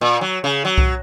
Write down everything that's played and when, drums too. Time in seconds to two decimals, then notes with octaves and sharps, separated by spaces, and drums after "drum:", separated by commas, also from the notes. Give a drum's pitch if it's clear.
0.01 A#2
0.21 F#3
0.44 C#3
0.65 F#3
0.78 drum: kick C2